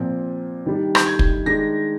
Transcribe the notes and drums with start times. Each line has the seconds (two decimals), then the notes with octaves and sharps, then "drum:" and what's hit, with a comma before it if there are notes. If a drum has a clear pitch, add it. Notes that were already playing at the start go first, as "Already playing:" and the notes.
Already playing: A#2 F3 C4
0.66 D#3 G3 D4
0.95 G6, drum: rim click
1.06 G#6
1.19 drum: kick
1.46 D#3 G#3 D4 A#6